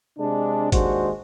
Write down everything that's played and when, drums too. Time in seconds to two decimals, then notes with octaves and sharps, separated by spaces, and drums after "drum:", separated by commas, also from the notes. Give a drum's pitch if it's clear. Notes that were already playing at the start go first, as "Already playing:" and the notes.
0.19 C3 G#3 D4
0.72 D#2 G#3 D4 F#4 C5, drum: kick, hi-hat